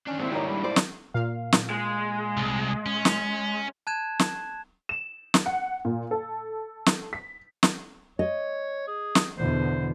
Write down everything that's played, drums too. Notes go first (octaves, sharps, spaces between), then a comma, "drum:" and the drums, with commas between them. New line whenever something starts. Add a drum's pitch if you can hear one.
D#3 C#4 D4
G#2 A#3 C4 E4
D#4 G4 A#4 C#5
G3
C5 D5
drum: snare
A#2 F5
drum: snare
G#3
C2
C#4
drum: snare
A5 F#6 G#6 E7
drum: snare
E7
drum: snare
F#5
A#2
A4
drum: snare
B6
drum: snare
C#5 D#5
G#4
drum: snare
E2 B2 D3 C5